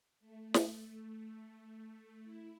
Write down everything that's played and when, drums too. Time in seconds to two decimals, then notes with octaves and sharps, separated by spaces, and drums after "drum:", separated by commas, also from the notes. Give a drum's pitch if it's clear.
0.20 A3
0.54 drum: snare
1.56 A3
1.90 A3
2.24 E4